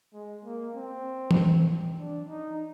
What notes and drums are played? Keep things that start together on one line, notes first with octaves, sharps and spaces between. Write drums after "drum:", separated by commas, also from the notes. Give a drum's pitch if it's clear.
G#3
A#3
C4
drum: tom E3
D4
D#4